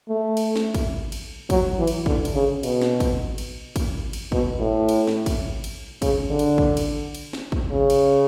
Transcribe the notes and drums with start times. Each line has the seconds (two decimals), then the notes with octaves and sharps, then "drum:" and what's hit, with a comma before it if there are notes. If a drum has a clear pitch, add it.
0.09 A3
0.37 drum: cymbal
0.56 drum: snare
0.74 drum: kick, cymbal
1.12 drum: cymbal
1.50 F#3, drum: kick, cymbal
1.78 E3
1.87 drum: cymbal
2.06 D3, drum: kick
2.25 drum: cymbal
2.34 C#3
2.63 B2, drum: cymbal
2.82 drum: snare
3.00 drum: kick, cymbal
3.38 drum: cymbal
3.76 drum: kick, cymbal
4.13 drum: cymbal
4.32 B2, drum: kick
4.60 A2
4.89 drum: cymbal
5.07 drum: snare
5.26 drum: kick, cymbal
5.64 drum: cymbal
6.02 C#3, drum: kick, cymbal
6.30 D3
6.39 drum: cymbal
6.58 drum: kick
6.77 drum: cymbal
7.15 drum: cymbal
7.33 drum: snare
7.52 drum: kick
7.71 C#3
7.90 drum: cymbal